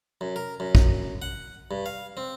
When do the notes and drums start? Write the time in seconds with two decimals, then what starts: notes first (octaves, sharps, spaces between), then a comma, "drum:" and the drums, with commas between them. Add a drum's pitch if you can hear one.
0.21 F#2
0.36 A#4
0.60 F#2
0.75 drum: kick
1.22 F#5
1.71 G2
1.86 F5
2.17 C4